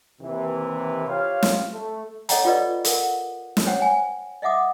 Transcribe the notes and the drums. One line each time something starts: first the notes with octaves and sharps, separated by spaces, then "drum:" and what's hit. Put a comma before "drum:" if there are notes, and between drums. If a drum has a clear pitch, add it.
D#2 C3 E3
F4 G4 C5 C#5 F5
drum: snare
A3
A4 C#5 D#5 F#5 G5 A#5, drum: hi-hat
F4 G4 A4 B4 D5 D#5
A4 A#4 F5 F#5, drum: hi-hat
drum: snare
C5 C#5 F#5 G5
G#5
D#5 E5 F#5 D6 D#6